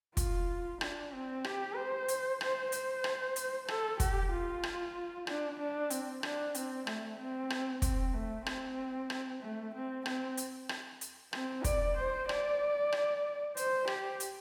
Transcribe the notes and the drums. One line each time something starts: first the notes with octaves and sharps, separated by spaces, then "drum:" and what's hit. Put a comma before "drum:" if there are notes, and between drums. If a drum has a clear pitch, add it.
F4, drum: kick, hi-hat
D4, drum: rim click
C4
G4, drum: rim click
C5
drum: hi-hat
C5, drum: rim click
C5, drum: hi-hat
drum: rim click
drum: hi-hat
A4, drum: rim click
G4, drum: kick, hi-hat
F4
drum: rim click
D4, drum: rim click
D4
C4, drum: hi-hat
D4, drum: rim click
C4, drum: hi-hat
A3, drum: rim click
C4
drum: rim click
C4, drum: kick, hi-hat
A3
C4, drum: rim click
drum: rim click
A3
C4
C4, drum: rim click
drum: hi-hat
drum: rim click
drum: hi-hat
C4, drum: rim click
D5, drum: kick, hi-hat
C5
D5, drum: rim click
drum: rim click
C5, drum: hi-hat
G4, drum: rim click
drum: hi-hat